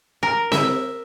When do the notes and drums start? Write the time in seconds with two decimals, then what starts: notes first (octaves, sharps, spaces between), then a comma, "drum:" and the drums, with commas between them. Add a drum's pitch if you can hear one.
0.23 A#4
0.52 E5, drum: snare C4